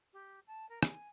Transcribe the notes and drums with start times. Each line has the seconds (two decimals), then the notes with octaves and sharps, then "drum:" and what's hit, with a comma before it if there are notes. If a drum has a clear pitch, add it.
0.13 G4
0.47 A5
0.69 A#4
0.83 G#5, drum: rim click